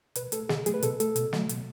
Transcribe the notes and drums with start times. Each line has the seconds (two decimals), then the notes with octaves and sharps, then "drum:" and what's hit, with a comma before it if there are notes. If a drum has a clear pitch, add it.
0.15 B2 B4, drum: hi-hat
0.32 A3 A4, drum: hi-hat
0.49 B2 G#4, drum: snare
0.66 F#3 A3 G#4, drum: hi-hat
0.74 B4
0.83 B2 A4, drum: hi-hat
1.00 A3 A4, drum: hi-hat
1.16 B2, drum: hi-hat
1.33 F#3 A3, drum: snare
1.49 B2, drum: hi-hat